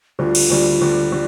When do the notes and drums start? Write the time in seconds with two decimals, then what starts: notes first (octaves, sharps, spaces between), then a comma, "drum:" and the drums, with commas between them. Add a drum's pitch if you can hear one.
0.19 D2 D3 G3 F4
0.35 drum: cymbal
0.50 D2 D3 G3
0.81 D2 D3 G3
1.12 D3 G3